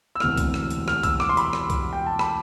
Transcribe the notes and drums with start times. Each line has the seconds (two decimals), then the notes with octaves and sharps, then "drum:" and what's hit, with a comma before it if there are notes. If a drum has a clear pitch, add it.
0.15 E6
0.20 E1 D2 C3 E3 F6, drum: rim click
0.37 drum: kick C2, hi-hat
0.54 drum: rim click
0.71 drum: hi-hat
0.88 F6, drum: rim click
1.03 E6, drum: kick C2, hi-hat
1.20 D6, drum: rim click
1.29 C6
1.37 B5, drum: hi-hat
1.53 drum: rim click
1.70 drum: kick C2, hi-hat
1.93 G5
2.07 A5
2.19 B5, drum: rim click